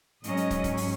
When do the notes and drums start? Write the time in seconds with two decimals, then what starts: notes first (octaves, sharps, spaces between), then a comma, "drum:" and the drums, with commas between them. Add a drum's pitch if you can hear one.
0.24 G#2 F#3 C#4 D#5, drum: hi-hat
0.37 drum: hi-hat
0.51 drum: kick, hi-hat
0.64 drum: kick, hi-hat
0.77 drum: open hi-hat